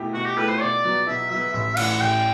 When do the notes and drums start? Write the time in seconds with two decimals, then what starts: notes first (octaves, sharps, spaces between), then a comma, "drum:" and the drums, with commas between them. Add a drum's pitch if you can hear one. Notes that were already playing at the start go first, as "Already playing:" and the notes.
Already playing: B2 A3 E4 G4
0.14 B2 F#4
0.25 G4
0.37 A3 E4 G4 B4
0.49 C5
0.60 B2 D5
0.84 F#3 B3
1.07 B2 E5
1.30 F#3 B3 E5
1.54 A1 E5
1.77 A2 E3 F#5, drum: cymbal
2.01 A1 G5